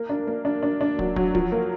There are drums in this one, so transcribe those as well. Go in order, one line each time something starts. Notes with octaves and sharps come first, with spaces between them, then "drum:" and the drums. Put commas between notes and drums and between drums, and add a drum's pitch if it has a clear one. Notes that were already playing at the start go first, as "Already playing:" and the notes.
Already playing: A#3
D4
A#3
D4
D4
D4
F#3, drum: kick
F#3, drum: kick
F3, drum: kick
A#3